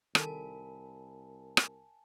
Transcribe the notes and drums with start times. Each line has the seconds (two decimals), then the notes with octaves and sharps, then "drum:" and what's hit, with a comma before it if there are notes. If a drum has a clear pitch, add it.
0.15 C2 D#3 A4 A#4 G#5 A5 B5, drum: rim click
1.57 drum: rim click